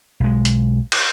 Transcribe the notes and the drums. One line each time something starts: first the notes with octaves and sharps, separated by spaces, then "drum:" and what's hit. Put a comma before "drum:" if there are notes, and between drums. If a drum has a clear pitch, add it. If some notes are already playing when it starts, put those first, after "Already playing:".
B1 G#3
drum: hi-hat
drum: cymbal